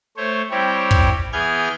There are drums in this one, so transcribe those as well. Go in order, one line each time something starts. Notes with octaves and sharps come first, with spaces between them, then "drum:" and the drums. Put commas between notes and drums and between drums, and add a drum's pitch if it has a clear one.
A3 C5 C#5
G3 C4 E4 G4 C#5
drum: kick
E3 B3 G#4 F6 G6 G#6